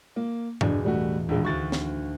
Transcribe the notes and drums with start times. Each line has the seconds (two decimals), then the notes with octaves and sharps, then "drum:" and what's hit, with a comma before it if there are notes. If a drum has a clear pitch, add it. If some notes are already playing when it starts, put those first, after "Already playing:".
0.16 A#3
0.61 E1 A2 D3 D4 G#5, drum: tom G2
0.84 G3 A3 F#4
1.29 A#1 D#2 E3 G#3
1.45 D2 F#4 C#6 A6
1.72 drum: snare